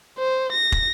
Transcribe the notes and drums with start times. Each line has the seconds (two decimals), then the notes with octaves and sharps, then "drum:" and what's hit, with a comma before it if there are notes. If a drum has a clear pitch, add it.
0.19 C5
0.53 A#6
0.72 drum: kick